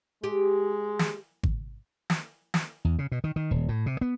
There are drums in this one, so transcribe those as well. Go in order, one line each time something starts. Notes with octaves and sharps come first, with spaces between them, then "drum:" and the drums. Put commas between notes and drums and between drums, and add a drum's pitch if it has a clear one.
G#3 G4
drum: snare
drum: kick G#1
drum: snare
drum: snare
E2
C#3
B2
D#3
D#3
D#1
A2
C3
B3